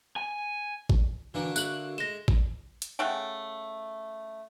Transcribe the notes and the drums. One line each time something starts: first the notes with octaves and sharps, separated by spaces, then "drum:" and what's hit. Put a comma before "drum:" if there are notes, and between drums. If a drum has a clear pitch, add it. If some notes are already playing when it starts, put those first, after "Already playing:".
G#5
drum: kick G#1
D3 E3 A#3 D4 F#4
A4 E5 F#6 F#7, drum: tambourine
G#3 A#6 E7
drum: kick G#1
drum: hi-hat
C#3 A3 F#5 G5